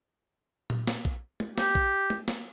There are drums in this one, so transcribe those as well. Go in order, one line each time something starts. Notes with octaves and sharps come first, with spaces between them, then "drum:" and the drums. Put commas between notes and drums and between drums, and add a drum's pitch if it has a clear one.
drum: tom A#2
drum: snare
drum: kick A#1
drum: tom G#3
G4, drum: snare
drum: kick A#1
drum: tom G#3
drum: snare